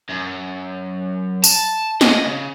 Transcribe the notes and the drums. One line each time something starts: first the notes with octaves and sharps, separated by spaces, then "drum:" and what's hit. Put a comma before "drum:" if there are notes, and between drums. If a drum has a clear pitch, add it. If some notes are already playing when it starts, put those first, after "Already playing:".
F#2
A5, drum: tambourine
D#5, drum: snare
C#3